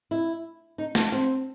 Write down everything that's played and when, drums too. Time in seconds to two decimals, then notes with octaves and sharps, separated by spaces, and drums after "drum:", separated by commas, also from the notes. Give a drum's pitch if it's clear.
0.11 E4
0.78 D#4
0.95 D4, drum: snare
1.12 C4